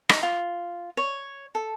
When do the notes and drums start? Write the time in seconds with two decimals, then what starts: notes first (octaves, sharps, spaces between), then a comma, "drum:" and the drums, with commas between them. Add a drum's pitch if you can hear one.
0.09 D#4, drum: rim click
0.23 F4
0.97 C#5
1.55 A4